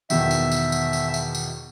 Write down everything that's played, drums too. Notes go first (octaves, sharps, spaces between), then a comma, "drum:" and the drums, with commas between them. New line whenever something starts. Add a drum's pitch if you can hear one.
E2 B2 D#3 E5, drum: tambourine
drum: tambourine
drum: tambourine
drum: tambourine
drum: tambourine
drum: tambourine
drum: tambourine